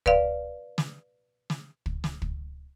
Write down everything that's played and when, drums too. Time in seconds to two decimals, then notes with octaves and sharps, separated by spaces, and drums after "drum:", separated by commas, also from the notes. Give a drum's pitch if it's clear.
0.06 B4 D5 F5, drum: kick
0.78 drum: snare
1.50 drum: snare
1.86 drum: kick
2.04 drum: snare
2.22 drum: kick